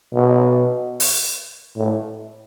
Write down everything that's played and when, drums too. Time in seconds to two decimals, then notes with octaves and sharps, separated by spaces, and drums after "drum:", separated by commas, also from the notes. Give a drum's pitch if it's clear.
0.14 B2
1.00 drum: open hi-hat
1.77 A2